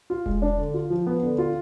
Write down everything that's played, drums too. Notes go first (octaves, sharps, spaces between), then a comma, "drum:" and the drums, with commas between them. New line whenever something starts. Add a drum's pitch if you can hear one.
F4
G#3, drum: kick E1
D4
D3
F4
F3
B3
D3
F4